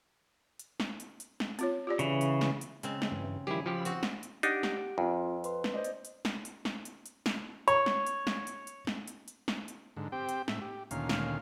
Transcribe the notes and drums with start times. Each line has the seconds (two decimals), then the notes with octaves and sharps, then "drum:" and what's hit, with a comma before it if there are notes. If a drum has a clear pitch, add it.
0.59 drum: hi-hat
0.80 drum: snare
1.00 drum: hi-hat
1.20 drum: hi-hat
1.40 drum: snare
1.59 C4 F4 C#5, drum: hi-hat
1.87 F4 G4 D5
1.99 C#3 E3, drum: hi-hat
2.21 drum: hi-hat
2.41 drum: snare
2.61 drum: hi-hat
2.83 C#3 G#3 C4, drum: hi-hat
3.02 drum: snare
3.11 G2 E3
3.47 D#3 F3 G3 E4 G4 G#4
3.66 F3 F4 G4 B5 E6
3.85 C4 F#4, drum: hi-hat
4.03 drum: snare
4.23 drum: hi-hat
4.43 D4 D#4 G4 F#5 D7, drum: hi-hat
4.63 drum: snare
4.98 F2 C4 F4
5.44 B4 C6, drum: hi-hat
5.64 drum: snare
5.74 C5 D5 D#5
5.84 drum: hi-hat
6.05 drum: hi-hat
6.25 drum: snare
6.45 drum: hi-hat
6.65 drum: snare
6.85 drum: hi-hat
7.06 drum: hi-hat
7.26 drum: snare
7.68 C#5, drum: hi-hat
7.86 drum: snare
8.07 drum: hi-hat
8.27 drum: snare
8.47 drum: hi-hat
8.67 drum: hi-hat
8.87 drum: snare
9.08 drum: hi-hat
9.28 drum: hi-hat
9.48 drum: snare
9.68 drum: hi-hat
9.97 G#2 D3
10.12 C4 G4 G5
10.29 drum: hi-hat
10.48 A2 E5, drum: snare
10.61 G4
10.91 D2 A#2 D#3 C#4 F5, drum: hi-hat
11.09 drum: snare